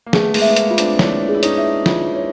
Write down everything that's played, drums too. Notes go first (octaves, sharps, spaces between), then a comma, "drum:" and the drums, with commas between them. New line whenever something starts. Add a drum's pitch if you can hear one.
A#3
A3 B3 G#4, drum: snare
G#3 A#3, drum: open hi-hat
E5
B3
G#3 A#3, drum: hi-hat
F4
C4 D4, drum: hi-hat
D4 E4 C#5, drum: snare
G#4
E4
C#4 D#4, drum: hi-hat
E5
F4, drum: snare
C#5